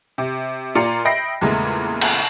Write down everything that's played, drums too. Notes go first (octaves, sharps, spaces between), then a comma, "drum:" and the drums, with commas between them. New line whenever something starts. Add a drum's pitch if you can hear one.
C3
A#2 F4 D5 A#5 C#7
D#5 E5 G5 B5 A#6 C7
E2 A#2 C#3 G#3 A3
drum: cymbal